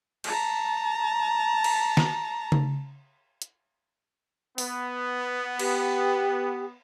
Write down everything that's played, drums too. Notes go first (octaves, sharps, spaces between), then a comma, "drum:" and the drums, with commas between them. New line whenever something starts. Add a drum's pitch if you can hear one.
A5 A#5, drum: cymbal
drum: cymbal
drum: snare
drum: tom C#3
drum: hi-hat
B3, drum: open hi-hat
G4, drum: cymbal